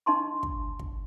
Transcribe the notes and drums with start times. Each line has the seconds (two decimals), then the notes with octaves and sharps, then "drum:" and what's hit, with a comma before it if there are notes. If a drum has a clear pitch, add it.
0.06 D4 D#5 A5 C6 C#6
0.43 drum: kick
0.79 drum: kick